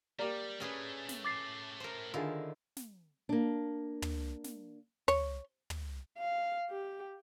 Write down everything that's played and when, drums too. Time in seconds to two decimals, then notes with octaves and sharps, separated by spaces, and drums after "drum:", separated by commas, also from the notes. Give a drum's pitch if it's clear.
0.19 G3 A#3 G4 D5
0.60 A2 A3 C#4 G#4 B4
1.09 drum: snare
1.25 D6 A6 C7
1.80 A#4 C5
2.14 D3 D#3 E4 F4 G#4
2.77 drum: snare
3.29 A#3 D4
4.02 drum: tom
4.44 drum: snare
5.08 C#5, drum: tom
5.70 drum: tom
6.18 F5
6.70 G4